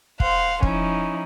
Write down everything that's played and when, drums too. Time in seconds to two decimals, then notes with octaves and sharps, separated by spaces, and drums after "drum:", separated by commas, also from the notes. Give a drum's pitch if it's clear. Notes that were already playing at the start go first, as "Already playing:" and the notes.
0.20 C5 F5 F#5 C6, drum: kick
0.63 F3 C#4 D#4 E4, drum: kick